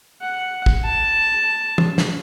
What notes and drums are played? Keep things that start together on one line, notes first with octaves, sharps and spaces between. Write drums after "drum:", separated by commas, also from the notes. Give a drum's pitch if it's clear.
F#5
drum: kick
A5
drum: tom
drum: snare